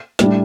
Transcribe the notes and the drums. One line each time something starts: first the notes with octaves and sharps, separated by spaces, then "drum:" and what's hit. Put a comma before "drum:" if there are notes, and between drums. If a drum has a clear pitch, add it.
A2 G3 D4, drum: snare